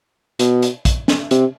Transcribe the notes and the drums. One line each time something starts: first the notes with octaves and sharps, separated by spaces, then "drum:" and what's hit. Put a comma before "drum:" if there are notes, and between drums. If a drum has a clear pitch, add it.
B2, drum: hi-hat
drum: hi-hat
drum: kick, hi-hat
drum: snare
C3, drum: hi-hat